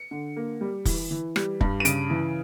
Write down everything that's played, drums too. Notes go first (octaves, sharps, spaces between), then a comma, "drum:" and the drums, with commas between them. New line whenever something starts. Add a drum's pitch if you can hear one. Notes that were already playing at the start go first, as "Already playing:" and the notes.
Already playing: C#7
D3
A#3
G3
E3, drum: kick, open hi-hat
E3
G3, drum: rim click
G2, drum: kick
D#7
C#3 D7, drum: hi-hat
E3